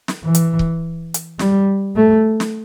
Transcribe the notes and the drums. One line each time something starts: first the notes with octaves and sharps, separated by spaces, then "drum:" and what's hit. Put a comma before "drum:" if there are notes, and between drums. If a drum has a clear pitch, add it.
drum: snare
E3
drum: hi-hat
drum: kick C#1
drum: hi-hat
G3, drum: snare
A3
drum: snare